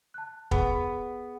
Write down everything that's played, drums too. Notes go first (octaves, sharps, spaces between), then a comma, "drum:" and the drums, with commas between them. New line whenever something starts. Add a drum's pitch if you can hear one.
A5 F#6
B3 G#4, drum: kick